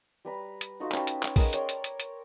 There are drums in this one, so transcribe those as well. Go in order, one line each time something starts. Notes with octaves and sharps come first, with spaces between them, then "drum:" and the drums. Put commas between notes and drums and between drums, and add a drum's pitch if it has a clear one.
G3 B4 A#5
drum: hi-hat
A3 D#4 F4 F#4
C#4 B4 G5 A5, drum: clap
drum: hi-hat
drum: clap
G#4 A#4 D#5 F#5, drum: kick, open hi-hat
C#5 D5 G5 C6, drum: hi-hat
drum: hi-hat
drum: hi-hat
drum: hi-hat